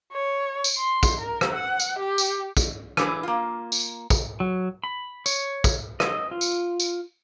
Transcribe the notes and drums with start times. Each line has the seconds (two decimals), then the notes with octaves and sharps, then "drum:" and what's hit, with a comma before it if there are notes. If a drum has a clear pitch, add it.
0.13 C#5
0.64 drum: tambourine
0.78 C6
1.03 drum: kick, tambourine
1.21 A#4
1.41 drum: rim click
1.54 F#5
1.80 drum: tambourine
1.98 G4
2.18 drum: tambourine
2.57 drum: kick, tambourine
2.97 E3 D4 G#4 B4, drum: rim click
3.23 A#3 F4
3.72 drum: tambourine
4.10 drum: kick, tambourine
4.40 F#3
4.84 B5
5.26 C#5, drum: tambourine
5.64 drum: kick, tambourine
6.00 D#5, drum: rim click
6.31 F4
6.41 drum: tambourine
6.80 drum: tambourine